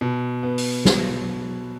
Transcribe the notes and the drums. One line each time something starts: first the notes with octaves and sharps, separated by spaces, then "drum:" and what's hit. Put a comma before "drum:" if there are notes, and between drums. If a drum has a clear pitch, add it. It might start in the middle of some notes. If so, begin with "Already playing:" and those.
B2
B3
drum: open hi-hat
F#3, drum: snare